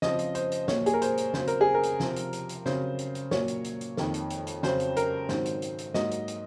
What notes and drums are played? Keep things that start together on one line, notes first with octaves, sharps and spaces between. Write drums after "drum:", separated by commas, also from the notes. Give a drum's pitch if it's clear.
C#3 F3 C4 D#5, drum: snare
drum: hi-hat
C5, drum: hi-hat
drum: hi-hat
A#2 F#3 A#3 C#5, drum: snare
G#4, drum: hi-hat
A#4
C5, drum: hi-hat
drum: hi-hat
C#3 F#3 C4 C5, drum: snare
A#4, drum: hi-hat
G#4
A#4
drum: hi-hat
C3 F3 C4, drum: snare
drum: hi-hat
drum: hi-hat
drum: hi-hat
C#3 F#3 C4 C5, drum: snare
drum: hi-hat
drum: hi-hat
A#2 F#3 A#3 C#5, drum: snare
drum: hi-hat
drum: hi-hat
drum: hi-hat
F2 D#3 A#3, drum: snare
drum: hi-hat
drum: hi-hat
drum: hi-hat
F2 C#3 F#3 C5, drum: snare
drum: hi-hat
A#4, drum: hi-hat
G#2 D#3 F#3 C4 C5, drum: snare
drum: hi-hat
drum: hi-hat
drum: hi-hat
G#2 F#3 A#3 D#5, drum: snare
drum: hi-hat
drum: hi-hat